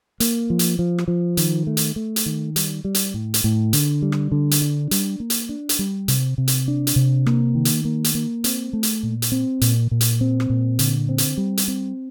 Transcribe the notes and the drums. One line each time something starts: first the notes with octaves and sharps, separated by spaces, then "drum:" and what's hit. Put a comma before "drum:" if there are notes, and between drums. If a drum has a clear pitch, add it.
A#3, drum: hi-hat
F3
drum: hi-hat
F3
drum: rim click
F3
D#3, drum: hi-hat
A3
drum: hi-hat
A3
drum: hi-hat
D#3
G3, drum: hi-hat
G3
drum: hi-hat
A2
drum: hi-hat
A2
D3, drum: hi-hat
G3
drum: rim click
D3
drum: hi-hat
D4
G3, drum: hi-hat
A#3
drum: hi-hat
D4
drum: hi-hat
G3
C3, drum: hi-hat
C3
drum: hi-hat
D4
drum: hi-hat
C3
A#3, drum: rim click
D#3
drum: hi-hat
A#3
drum: hi-hat
A#3
C4, drum: hi-hat
A3
drum: hi-hat
A#2
drum: hi-hat
C4
A#2, drum: hi-hat
A#2
drum: hi-hat
C4
drum: rim click
A#2
D3, drum: hi-hat
C4
drum: hi-hat
G3
drum: hi-hat
C4